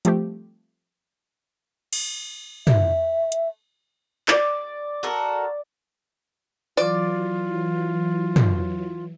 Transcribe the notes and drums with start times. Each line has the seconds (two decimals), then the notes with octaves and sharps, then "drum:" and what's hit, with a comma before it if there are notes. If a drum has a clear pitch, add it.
0.05 F3 G3 A3 C4 G4, drum: hi-hat
1.93 drum: cymbal
2.67 E5, drum: tom
3.32 drum: hi-hat
4.28 D5 D6, drum: clap
5.03 F#4 A4 A#4
6.77 E3 F#3 F4 D5
8.36 drum: tom